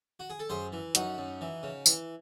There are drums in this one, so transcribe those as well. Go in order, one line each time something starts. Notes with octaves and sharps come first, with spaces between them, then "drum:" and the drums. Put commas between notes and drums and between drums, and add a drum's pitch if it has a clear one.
F#4
G#4
A4
F#2 G#4 C5
E3
F#2 D#4 F#4, drum: hi-hat
F#2
E3
C#3
E3, drum: tambourine